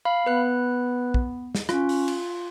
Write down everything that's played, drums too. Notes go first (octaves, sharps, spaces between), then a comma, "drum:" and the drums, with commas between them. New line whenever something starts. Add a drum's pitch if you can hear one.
F5 B5
B3 B4 F#6
drum: kick
drum: snare
C#4 F4, drum: rim click
drum: open hi-hat
drum: cymbal